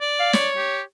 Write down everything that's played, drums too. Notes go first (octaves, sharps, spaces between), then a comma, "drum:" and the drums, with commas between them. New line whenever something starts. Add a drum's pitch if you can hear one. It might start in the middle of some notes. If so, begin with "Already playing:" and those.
D5
F5
C#5, drum: snare
G4